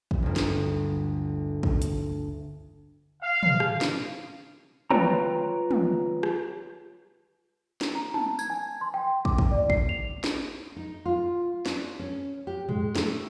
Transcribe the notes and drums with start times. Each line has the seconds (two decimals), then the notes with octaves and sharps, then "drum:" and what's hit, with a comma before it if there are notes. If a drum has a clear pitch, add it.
0.11 drum: kick
0.23 G1 D2
0.36 drum: snare
1.63 drum: kick
1.82 drum: hi-hat
3.21 F5
3.43 drum: tom
3.60 drum: rim click
3.81 drum: snare
4.91 F4 B4 C#5 G5 A#5, drum: tom
5.71 drum: tom
6.23 drum: rim click
7.81 drum: snare
7.95 A#5
8.14 A5, drum: tom
8.39 G#6, drum: tambourine
8.50 G#5
8.81 C6
8.94 G5
9.25 D6, drum: kick
9.38 drum: kick
9.52 D5
9.70 C7, drum: kick
9.89 F7
10.24 drum: snare
10.76 D#4
11.05 F4
11.66 D4, drum: snare
11.99 C#4
12.47 G4
12.69 G#3, drum: tom
12.95 A3, drum: snare